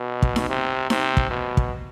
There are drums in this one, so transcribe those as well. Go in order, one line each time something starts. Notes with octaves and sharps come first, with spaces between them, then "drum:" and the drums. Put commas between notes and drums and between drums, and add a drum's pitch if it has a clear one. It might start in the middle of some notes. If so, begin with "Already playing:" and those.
Already playing: B2
drum: kick
drum: snare D#4
C3
C3, drum: snare D#4
drum: kick
B2
drum: kick